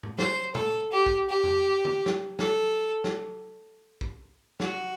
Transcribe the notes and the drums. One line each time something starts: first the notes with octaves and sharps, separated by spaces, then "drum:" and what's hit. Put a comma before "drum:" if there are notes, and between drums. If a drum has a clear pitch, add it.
drum: tom A2
C5, drum: snare
A4, drum: tom
G4
drum: kick
G4
drum: tom F2
drum: tom
drum: snare
A4, drum: snare
drum: snare
drum: kick
F#4, drum: snare